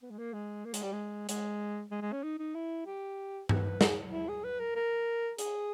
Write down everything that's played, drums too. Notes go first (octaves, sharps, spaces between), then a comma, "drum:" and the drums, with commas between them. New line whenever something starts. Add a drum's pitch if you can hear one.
B3
G#3
A#3
G#3
A#3
G#3, drum: hi-hat
G3
G#3
G#3, drum: hi-hat
G#3
G#3
C#4
D#4
D#4
E4
G4
B4, drum: tom G2
G#4, drum: snare
E4
G#4
B4
A#4
A#4
G#4, drum: hi-hat